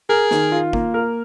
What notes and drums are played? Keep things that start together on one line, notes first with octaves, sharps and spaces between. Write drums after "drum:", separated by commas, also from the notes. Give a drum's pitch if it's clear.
G#4 A#4
D#3, drum: snare
F4
A#3, drum: kick
A#4